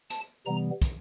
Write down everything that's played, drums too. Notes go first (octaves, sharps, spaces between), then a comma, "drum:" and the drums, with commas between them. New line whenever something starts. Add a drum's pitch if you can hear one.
A5, drum: hi-hat
C3 E3 G3 B3 A#5
drum: kick, hi-hat